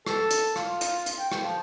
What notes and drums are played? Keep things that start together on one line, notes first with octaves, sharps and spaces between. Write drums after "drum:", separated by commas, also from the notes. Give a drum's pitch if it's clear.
A4, drum: rim click
drum: hi-hat
F4, drum: rim click
drum: hi-hat
drum: hi-hat
G5
drum: rim click
F3